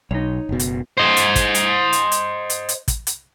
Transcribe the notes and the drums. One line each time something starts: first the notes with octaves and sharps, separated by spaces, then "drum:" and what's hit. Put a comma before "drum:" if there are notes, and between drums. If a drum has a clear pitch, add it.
B1 D#4 C#5
F#1 B2
drum: hi-hat
C5 D#5
drum: hi-hat
drum: kick, hi-hat
drum: hi-hat
drum: hi-hat
drum: hi-hat
drum: hi-hat
drum: hi-hat
drum: kick, hi-hat
drum: hi-hat